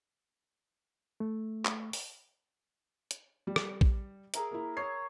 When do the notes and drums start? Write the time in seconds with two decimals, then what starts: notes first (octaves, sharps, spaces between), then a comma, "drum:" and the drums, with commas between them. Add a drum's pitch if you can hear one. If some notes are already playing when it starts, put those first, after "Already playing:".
1.20 A3
1.65 drum: clap
1.93 drum: open hi-hat
3.11 drum: hi-hat
3.47 G3
3.56 drum: rim click
3.81 drum: kick
4.34 G#4 A#4 E5, drum: hi-hat
4.51 A#3 E4
4.77 C#5 D#6 E6 C7